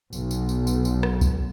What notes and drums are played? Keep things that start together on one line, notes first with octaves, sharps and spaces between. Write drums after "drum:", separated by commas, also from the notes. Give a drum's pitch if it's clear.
B1, drum: tambourine
drum: tambourine
drum: tambourine
drum: tambourine
drum: tambourine
drum: rim click
drum: kick C2, tambourine